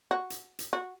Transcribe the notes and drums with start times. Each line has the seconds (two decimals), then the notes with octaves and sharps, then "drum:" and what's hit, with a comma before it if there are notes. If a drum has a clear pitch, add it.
0.11 F#4
0.30 drum: hi-hat
0.59 drum: hi-hat
0.73 F#4